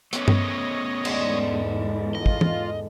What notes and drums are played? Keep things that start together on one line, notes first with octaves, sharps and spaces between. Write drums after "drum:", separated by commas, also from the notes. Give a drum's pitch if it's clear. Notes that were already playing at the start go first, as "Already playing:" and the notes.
A3 B3 C#4 C#5 D#5, drum: hi-hat
drum: tom G2
E2 G#2 D3 G#3, drum: cymbal
F4 D#5
drum: kick
drum: tom